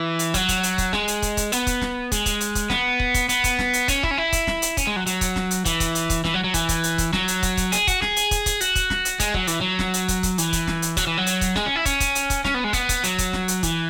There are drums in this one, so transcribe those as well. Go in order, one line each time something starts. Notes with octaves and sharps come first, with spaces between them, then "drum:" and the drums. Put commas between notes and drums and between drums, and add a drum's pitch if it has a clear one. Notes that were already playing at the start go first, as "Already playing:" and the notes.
Already playing: E3
drum: hi-hat
F#3, drum: kick, hi-hat
drum: kick, hi-hat
drum: hi-hat
drum: kick, hi-hat
G#3, drum: snare
drum: hi-hat
drum: kick, hi-hat
drum: kick, hi-hat
B3, drum: hi-hat
drum: kick, hi-hat
drum: snare
G#3, drum: kick, hi-hat
drum: kick, hi-hat
drum: hi-hat
drum: kick, hi-hat
B3, drum: snare
drum: kick
drum: kick, hi-hat
B3, drum: hi-hat
drum: kick, hi-hat
drum: snare
drum: hi-hat
C#4, drum: kick, hi-hat
E4, drum: kick
C#4
E4
drum: kick, hi-hat
drum: snare
drum: hi-hat
C#4, drum: kick, hi-hat
G#3
F#3
F#3, drum: hi-hat
drum: kick, hi-hat
drum: snare
drum: hi-hat
E3, drum: kick, hi-hat
drum: kick, hi-hat
drum: hi-hat
drum: kick, hi-hat
E3, drum: snare
F#3
F#3
E3, drum: kick, hi-hat
drum: kick, hi-hat
drum: hi-hat
drum: kick, hi-hat
F#3, drum: snare
drum: hi-hat
drum: kick, hi-hat
drum: kick, hi-hat
G#4, drum: hi-hat
F#4, drum: kick, hi-hat
G#4, drum: snare
drum: hi-hat
drum: kick, hi-hat
drum: kick, hi-hat
F#4, drum: hi-hat
drum: kick, hi-hat
drum: snare
drum: hi-hat
G#3, drum: kick, hi-hat
F#3, drum: kick
E3, drum: hi-hat
F#3
drum: snare
drum: hi-hat
drum: kick, hi-hat
drum: kick, hi-hat
E3, drum: hi-hat
drum: kick, hi-hat
drum: snare
drum: hi-hat
F#3, drum: kick, hi-hat
E3
F#3
drum: hi-hat
drum: kick, hi-hat
G#3, drum: snare
C#4
E4
C#4, drum: kick, hi-hat
drum: kick, hi-hat
drum: hi-hat
drum: kick, hi-hat
C#4, drum: snare
B3
G#3
B3, drum: kick, hi-hat
drum: kick, hi-hat
F#3, drum: hi-hat
drum: kick, hi-hat
drum: snare
drum: hi-hat
E3, drum: kick, hi-hat